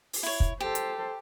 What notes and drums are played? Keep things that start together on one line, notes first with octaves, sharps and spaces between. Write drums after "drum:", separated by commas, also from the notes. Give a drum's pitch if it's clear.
drum: open hi-hat
E4 C#5
drum: kick
G4 A4 C5
drum: hi-hat